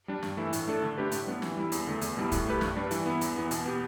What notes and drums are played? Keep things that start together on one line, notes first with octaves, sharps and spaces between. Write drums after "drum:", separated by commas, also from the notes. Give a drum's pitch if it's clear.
G3 D4
G2, drum: snare
E3 A3 E4
A2, drum: hi-hat
A3 D4 A4
D3
A3 D4 G4 B4
A2, drum: hi-hat
G3 B3 D4
E3, drum: snare
G3 E4
E2, drum: hi-hat
D3 A3
E2, drum: hi-hat
B2 G3 E4
A2, drum: kick, hi-hat
A3 G4 B4
G2, drum: snare
G3 D4 B4
E3, drum: hi-hat
B3 E4
E2, drum: hi-hat
E3 B3
B2, drum: hi-hat
B3 G4